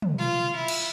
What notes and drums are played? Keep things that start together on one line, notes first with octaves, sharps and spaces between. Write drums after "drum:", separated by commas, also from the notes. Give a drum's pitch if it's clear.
drum: tom
F4
E4
drum: cymbal